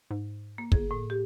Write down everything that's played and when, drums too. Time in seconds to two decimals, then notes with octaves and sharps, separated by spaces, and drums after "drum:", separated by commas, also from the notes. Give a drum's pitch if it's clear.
0.11 G#2
0.58 A#3
0.72 G1 G#4, drum: kick
0.91 A2
1.10 G4